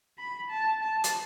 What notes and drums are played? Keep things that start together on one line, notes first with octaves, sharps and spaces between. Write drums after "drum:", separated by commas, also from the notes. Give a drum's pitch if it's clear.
B5
A5
A5
drum: hi-hat